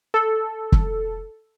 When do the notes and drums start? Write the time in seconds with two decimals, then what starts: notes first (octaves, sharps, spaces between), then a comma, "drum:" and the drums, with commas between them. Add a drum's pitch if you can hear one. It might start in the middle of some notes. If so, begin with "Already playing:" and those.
0.14 A4
0.72 drum: kick